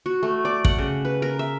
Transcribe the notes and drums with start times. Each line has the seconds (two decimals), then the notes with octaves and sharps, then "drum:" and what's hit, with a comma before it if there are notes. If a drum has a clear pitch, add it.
0.06 F#4
0.23 A3
0.45 D5
0.65 F#5, drum: kick
0.79 C#3
1.05 B4
1.22 A#4
1.39 E5